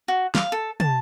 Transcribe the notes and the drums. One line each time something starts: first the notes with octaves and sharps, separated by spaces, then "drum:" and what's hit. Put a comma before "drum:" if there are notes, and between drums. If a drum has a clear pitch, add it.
F#4
F5, drum: snare
A4
A5, drum: tom